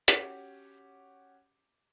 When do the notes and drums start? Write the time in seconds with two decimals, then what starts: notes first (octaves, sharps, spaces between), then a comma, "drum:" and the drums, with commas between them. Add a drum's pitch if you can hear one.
0.08 C#4 F#4 G4, drum: hi-hat